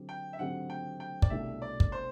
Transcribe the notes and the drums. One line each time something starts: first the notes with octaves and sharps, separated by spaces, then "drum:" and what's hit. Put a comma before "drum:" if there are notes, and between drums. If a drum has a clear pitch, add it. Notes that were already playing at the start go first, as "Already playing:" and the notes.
Already playing: D3 F#3 C4 G4
G5
E5
D3 F#3 C4 G4 F#5
G5
G5
D5, drum: kick
C2 B2 A3 D4 G4 E5
D5
drum: kick
C5